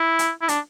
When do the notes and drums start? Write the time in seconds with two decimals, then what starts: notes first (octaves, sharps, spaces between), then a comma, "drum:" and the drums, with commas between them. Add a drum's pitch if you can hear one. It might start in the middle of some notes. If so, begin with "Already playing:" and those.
Already playing: E4
0.19 drum: hi-hat
0.41 E4
0.48 D4, drum: hi-hat